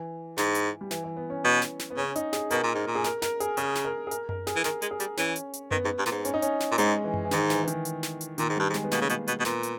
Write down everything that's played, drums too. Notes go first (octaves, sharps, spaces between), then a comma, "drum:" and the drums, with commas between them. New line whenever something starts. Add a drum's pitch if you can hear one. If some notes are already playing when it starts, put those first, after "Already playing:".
Already playing: E3
G#2, drum: snare
drum: hi-hat
G3
E3, drum: snare
E3
B3
C#4
B2
drum: snare
drum: snare
B3
C#3 C#4
D#4, drum: hi-hat
G#4, drum: snare
B2 A#4, drum: hi-hat
A#2
G#2
A#2
G#4
A#4, drum: snare
A#4, drum: snare
G#4, drum: hi-hat
C#3 G#4, drum: hi-hat
drum: snare
A#4
G#4
A#4, drum: hi-hat
A#4, drum: tom F#2
G#4, drum: snare
E3
D#3 A#4, drum: snare
G#3, drum: hi-hat
G#4
G3, drum: hi-hat
E3 C#4, drum: snare
drum: hi-hat
drum: hi-hat
D#3 B3, drum: tom F#2
G#2
G2
A#2, drum: snare
G#2
C#4, drum: hi-hat
D#4
C#4, drum: hi-hat
drum: snare
A#2
G#2 G#3, drum: hi-hat
E3
drum: tom F#2
E3
G#2 D#3, drum: snare
E3, drum: snare
E3
D#3, drum: hi-hat
drum: hi-hat
drum: snare
drum: hi-hat
A#2 D#3, drum: hi-hat
G#2
G2 G3
G#2
G#3, drum: snare
B3
B2 A#3, drum: snare
C#3
B2, drum: hi-hat
B2, drum: hi-hat
B2
A#2 B3, drum: snare
drum: hi-hat